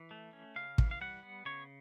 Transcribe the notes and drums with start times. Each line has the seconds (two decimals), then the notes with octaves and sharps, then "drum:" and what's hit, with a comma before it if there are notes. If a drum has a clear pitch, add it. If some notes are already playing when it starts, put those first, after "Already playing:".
Already playing: E3
0.11 A3
0.33 C#4
0.56 C#3 F5
0.78 E3, drum: kick
0.91 F5
1.01 G3 F#5
1.23 B3
1.45 C#3 C#5